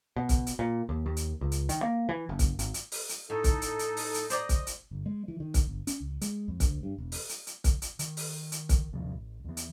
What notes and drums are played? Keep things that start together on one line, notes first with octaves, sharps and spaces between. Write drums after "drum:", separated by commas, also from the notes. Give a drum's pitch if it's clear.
B2
drum: kick, hi-hat
drum: hi-hat
A#2
D#2
D#2
drum: hi-hat
C#2
drum: hi-hat
D#3, drum: hi-hat
A#3
E3
F#1
drum: kick, hi-hat
G#1, drum: hi-hat
drum: hi-hat
drum: open hi-hat
drum: hi-hat
A2 D#4 A4
drum: kick, hi-hat
drum: hi-hat
drum: hi-hat
drum: open hi-hat
drum: hi-hat
C5 D5 D#5 A#5, drum: hi-hat
drum: kick, hi-hat
drum: hi-hat
G1
G#3
E3
D#3
drum: kick, hi-hat
G1
C#4, drum: hi-hat
C#2
G#3, drum: hi-hat
F2
D2, drum: kick, hi-hat
G2
E1
drum: open hi-hat
drum: hi-hat
drum: hi-hat
drum: kick, hi-hat
drum: hi-hat
D#3, drum: hi-hat
drum: open hi-hat
drum: hi-hat
drum: kick, hi-hat
G1 D#2 C3 F3
A1
E2 E3
drum: hi-hat